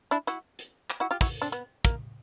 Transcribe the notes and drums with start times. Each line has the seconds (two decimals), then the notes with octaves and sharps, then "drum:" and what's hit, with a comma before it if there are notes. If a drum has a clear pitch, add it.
0.11 D4 E4
0.27 E4 F#4, drum: hi-hat
0.59 drum: hi-hat
0.90 drum: clap
1.00 E4 F#4
1.11 F4 G4
1.21 E4 F#4, drum: kick, open hi-hat
1.42 C4 D4
1.52 B3, drum: hi-hat
1.85 A#3, drum: kick, hi-hat